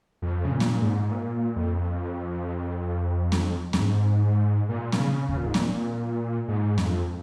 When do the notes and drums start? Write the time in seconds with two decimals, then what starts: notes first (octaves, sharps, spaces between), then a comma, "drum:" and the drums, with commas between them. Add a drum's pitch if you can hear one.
0.22 F2
0.45 C#3
0.51 A#2
0.60 drum: snare C4
0.82 G#2
1.11 A#2
1.56 F2
3.32 drum: snare C4
3.73 F2, drum: snare C4
3.80 G#2
4.69 A#2
4.92 A#2, drum: snare C4
4.98 C#3
5.29 C#3, drum: kick D#2
5.37 A#2
5.46 G#2
5.54 A#2, drum: snare C4
6.48 G#2
6.78 F2, drum: snare C4